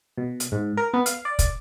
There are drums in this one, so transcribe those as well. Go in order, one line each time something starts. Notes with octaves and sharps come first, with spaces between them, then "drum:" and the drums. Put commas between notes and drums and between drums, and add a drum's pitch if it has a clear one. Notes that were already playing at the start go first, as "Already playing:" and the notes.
B2
drum: hi-hat
G#2
A#4
B3
F5, drum: hi-hat
D5
drum: kick, hi-hat